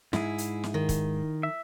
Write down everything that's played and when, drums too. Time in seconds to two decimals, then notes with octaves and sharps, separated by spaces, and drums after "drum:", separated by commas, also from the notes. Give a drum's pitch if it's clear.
0.13 G#2 E4 G#4, drum: snare
0.38 drum: hi-hat
0.64 drum: snare
0.74 D#3
0.89 drum: kick, hi-hat
1.43 E5